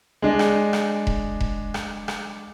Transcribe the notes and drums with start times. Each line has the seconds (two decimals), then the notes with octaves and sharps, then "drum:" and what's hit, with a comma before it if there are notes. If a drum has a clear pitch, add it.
0.22 G#3 D4 D#5
0.39 drum: rim click
0.73 drum: rim click
1.07 drum: kick E1
1.40 drum: kick E1
1.74 drum: rim click
2.08 drum: rim click